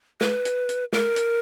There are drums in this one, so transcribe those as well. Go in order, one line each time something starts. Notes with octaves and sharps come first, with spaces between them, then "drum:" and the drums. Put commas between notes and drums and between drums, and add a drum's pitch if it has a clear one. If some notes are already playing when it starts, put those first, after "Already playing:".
B4, drum: snare
drum: hi-hat
drum: hi-hat
A#4, drum: snare
drum: hi-hat